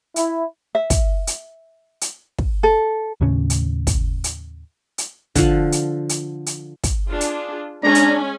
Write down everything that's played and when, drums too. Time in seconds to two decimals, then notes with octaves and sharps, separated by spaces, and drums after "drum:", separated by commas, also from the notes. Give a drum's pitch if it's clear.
0.16 E4, drum: hi-hat
0.75 E5
0.90 drum: kick, hi-hat
1.27 drum: hi-hat
2.01 drum: hi-hat
2.38 drum: kick
2.63 A4
3.21 D#2 A2 C#3 C#4
3.50 drum: hi-hat
3.87 drum: kick, hi-hat
4.24 drum: hi-hat
4.98 drum: hi-hat
5.35 D3 F3, drum: kick, hi-hat
5.72 drum: hi-hat
6.09 drum: hi-hat
6.46 drum: hi-hat
6.84 drum: kick, hi-hat
7.08 D4 F4 G#4
7.21 drum: hi-hat
7.83 G#3 C#4 D4 G#5 A#5
7.95 drum: hi-hat